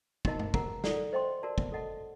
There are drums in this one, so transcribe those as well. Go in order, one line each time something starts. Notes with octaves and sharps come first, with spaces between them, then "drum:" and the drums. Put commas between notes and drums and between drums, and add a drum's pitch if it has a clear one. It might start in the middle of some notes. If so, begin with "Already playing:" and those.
D#4 F#4 A#4 D#5 A5, drum: kick
drum: tom
A#4 F#5 A#5, drum: kick
A4 D5 F#5, drum: snare
C5 D#5 G5 C6
F#4 A#4 D5 A5
drum: kick
A4 D#5 F#5 A5